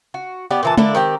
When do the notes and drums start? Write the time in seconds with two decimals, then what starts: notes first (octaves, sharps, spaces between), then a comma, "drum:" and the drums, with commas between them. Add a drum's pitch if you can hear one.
0.14 F#4
0.51 B3 G4 D5
0.63 A#2 E3 A5
0.78 D3 A#3 D4 E4, drum: tom G#3
0.95 D#3 C4 G4